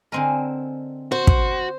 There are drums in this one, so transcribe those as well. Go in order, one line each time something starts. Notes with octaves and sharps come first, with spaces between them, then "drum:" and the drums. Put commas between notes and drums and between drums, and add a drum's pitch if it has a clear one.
D3 C4 A#4 D#5 G#5 A5
F#4 C5
drum: kick